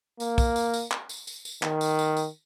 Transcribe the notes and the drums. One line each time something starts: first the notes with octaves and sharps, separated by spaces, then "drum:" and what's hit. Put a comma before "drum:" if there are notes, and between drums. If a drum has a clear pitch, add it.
A#3, drum: tambourine
drum: kick, tambourine
drum: tambourine
drum: tambourine
drum: clap
drum: tambourine
drum: tambourine
drum: tambourine
D#3, drum: clap
drum: tambourine
drum: tambourine
drum: tambourine